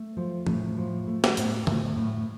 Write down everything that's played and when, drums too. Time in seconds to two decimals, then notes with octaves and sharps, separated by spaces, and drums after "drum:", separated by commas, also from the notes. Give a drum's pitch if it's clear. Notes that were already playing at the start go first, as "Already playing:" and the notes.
Already playing: A3
0.17 F3
0.47 A2, drum: tom
0.77 F3
1.07 A3
1.24 drum: snare
1.37 A2, drum: hi-hat
1.67 A2, drum: tom
1.96 A2